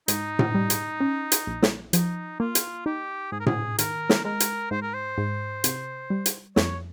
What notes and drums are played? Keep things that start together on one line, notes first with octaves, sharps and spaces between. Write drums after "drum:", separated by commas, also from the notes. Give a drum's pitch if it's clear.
G#2 D#4, drum: hi-hat
drum: tom A2
G3
drum: hi-hat
C#4
drum: hi-hat
A#1
drum: snare
F3 D#4, drum: hi-hat
A#3 F4
drum: hi-hat
D#4 G4
G#2 G#4
A#4
G#4, drum: tom A2
D#3 A#4, drum: hi-hat
drum: snare
G#3 A#4
drum: hi-hat
G#2 C5
A#4
C5
G#2
C3, drum: hi-hat
G3
drum: hi-hat
F2 C#5, drum: snare